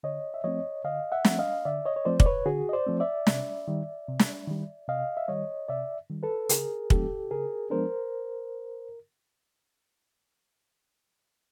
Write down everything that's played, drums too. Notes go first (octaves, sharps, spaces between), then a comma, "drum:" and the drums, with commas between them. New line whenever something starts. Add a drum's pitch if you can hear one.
D3 C#5 D#5
E5
F3 A3 C4 C#5 D#5
D3 D#5 F5
E5 F#5
F3 A3 C4, drum: snare
D#5 F5
D3 D5 E5
C#5 D#5
C#5
F3 A3 C4 C5 D5
D5, drum: kick
B4 C#5
D3 F#4 G#4
D#5
C5 D5
F3 A3 C4
D5 E5
C3, drum: snare
D#3 G3
C3
drum: snare
D#3 G3
C3 D#5 F5
E5
D#3 G3 C#5 D#5
C3 D5 E5
D#3 G3
A4 B4
C#3 G#4 A#4, drum: hi-hat
F3 G#3 B3 D4 G4 A4, drum: kick
C#3 G#4 A#4
F3 G#3 B3 D4 A#4 C5